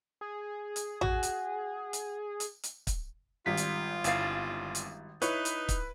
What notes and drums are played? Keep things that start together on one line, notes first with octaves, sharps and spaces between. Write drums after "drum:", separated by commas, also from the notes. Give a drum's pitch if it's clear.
G#4
drum: hi-hat
F#4, drum: tom A1
drum: hi-hat
drum: hi-hat
drum: hi-hat
drum: hi-hat
drum: kick, hi-hat
G#1 G3 F4 B6
drum: hi-hat
G1 E4 F5 A6, drum: hi-hat
drum: hi-hat
D#4 E4 B4 C#5, drum: hi-hat
drum: hi-hat
drum: kick, hi-hat